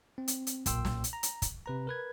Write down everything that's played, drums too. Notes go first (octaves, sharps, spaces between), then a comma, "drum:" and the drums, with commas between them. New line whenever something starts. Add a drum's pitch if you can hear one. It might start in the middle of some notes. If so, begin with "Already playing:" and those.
C4
drum: hi-hat
drum: hi-hat
B1 A#2 A#3 G5 C6 E6, drum: kick, hi-hat
drum: snare
drum: hi-hat
A#5
drum: hi-hat
drum: kick, hi-hat
C3 B4 A#5
A#4 B4 G#6